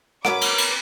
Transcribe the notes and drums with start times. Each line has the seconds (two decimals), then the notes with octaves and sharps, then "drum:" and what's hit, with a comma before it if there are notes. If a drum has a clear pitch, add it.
0.25 F#3 C#4 A#4 B4 F#5 D6 D7, drum: rim click
0.41 drum: cymbal
0.58 drum: cymbal